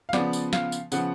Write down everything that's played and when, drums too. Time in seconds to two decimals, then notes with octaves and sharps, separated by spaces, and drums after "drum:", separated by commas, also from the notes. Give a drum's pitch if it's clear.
0.09 F5
0.13 C#3 F3 B3 D5, drum: snare
0.33 drum: tambourine
0.53 F5, drum: snare
0.72 drum: tambourine
0.92 C#3 F3 B3 F#5, drum: tambourine